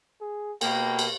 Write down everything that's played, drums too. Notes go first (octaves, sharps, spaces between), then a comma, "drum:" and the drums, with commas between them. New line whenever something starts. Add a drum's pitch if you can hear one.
G#4
B2 A#3 G5, drum: cymbal
drum: cymbal